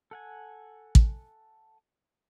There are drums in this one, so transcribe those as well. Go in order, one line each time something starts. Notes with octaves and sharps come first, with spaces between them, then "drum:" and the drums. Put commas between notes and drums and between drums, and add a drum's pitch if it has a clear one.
A4 F#5 G#5
drum: kick